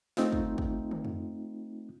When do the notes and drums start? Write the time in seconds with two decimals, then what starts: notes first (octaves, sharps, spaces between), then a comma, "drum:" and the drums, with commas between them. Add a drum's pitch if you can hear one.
0.17 A3 C4 D#4 F4, drum: snare
0.32 drum: kick
0.58 drum: kick
0.91 drum: tom
1.05 drum: tom F2